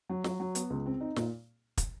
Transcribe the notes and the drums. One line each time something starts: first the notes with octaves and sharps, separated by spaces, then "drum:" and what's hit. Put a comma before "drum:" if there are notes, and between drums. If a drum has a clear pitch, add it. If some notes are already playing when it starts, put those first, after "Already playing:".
F#3
F#3, drum: snare
F#3
B3, drum: hi-hat
C#2
C4
D#4
A#2, drum: snare
drum: kick, hi-hat